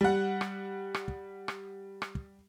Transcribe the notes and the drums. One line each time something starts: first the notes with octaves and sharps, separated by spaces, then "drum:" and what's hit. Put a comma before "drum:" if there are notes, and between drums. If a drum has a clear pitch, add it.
G3 F#5
drum: rim click
drum: rim click
drum: kick
drum: rim click
drum: rim click
drum: kick